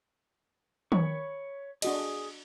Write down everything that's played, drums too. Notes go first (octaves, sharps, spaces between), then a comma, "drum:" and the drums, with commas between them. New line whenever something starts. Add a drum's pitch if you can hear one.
C#5 B5 C#6, drum: tom D#3
D4 F#4 G#4 D#5, drum: cymbal